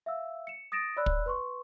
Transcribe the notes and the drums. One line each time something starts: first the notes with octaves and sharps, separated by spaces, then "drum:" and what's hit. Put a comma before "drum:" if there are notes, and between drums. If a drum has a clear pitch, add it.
E5 F5 E6
C#7 E7
D#6 A6 A#6 D7 E7
C#5 D5 B5 E6 F#6
drum: kick
B4 C6 C#6